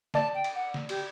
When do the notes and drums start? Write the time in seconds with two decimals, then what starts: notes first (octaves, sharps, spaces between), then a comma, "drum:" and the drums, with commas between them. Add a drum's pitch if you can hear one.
0.14 D5 A5, drum: snare
0.34 G5
0.44 drum: cymbal
0.54 F#5
0.74 drum: snare
0.89 G4, drum: cymbal